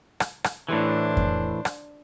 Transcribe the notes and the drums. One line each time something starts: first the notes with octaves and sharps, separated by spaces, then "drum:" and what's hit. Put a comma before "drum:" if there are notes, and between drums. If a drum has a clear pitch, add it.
drum: rim click
drum: rim click
A2 E3 D4 C5
drum: kick F2
drum: rim click